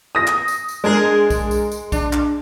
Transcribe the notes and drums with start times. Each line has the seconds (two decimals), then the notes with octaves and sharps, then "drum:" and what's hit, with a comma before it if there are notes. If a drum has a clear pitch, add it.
0.15 D#6 A#6
0.27 drum: clap
0.48 drum: tambourine
0.69 drum: tambourine
0.84 G#3 D4 G#4 A#4
1.30 drum: kick B1, tambourine
1.51 drum: tambourine
1.72 drum: tambourine
1.92 D4, drum: kick B1, tambourine
2.13 drum: clap